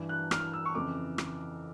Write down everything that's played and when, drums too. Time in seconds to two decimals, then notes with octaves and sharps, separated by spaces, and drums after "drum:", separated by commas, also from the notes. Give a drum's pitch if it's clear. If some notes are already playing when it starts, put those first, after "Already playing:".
Already playing: G2 E3
0.09 F#6
0.31 F6, drum: rim click
0.53 E6
0.65 C#6
0.75 F2 C#3 E3 D6
1.18 drum: rim click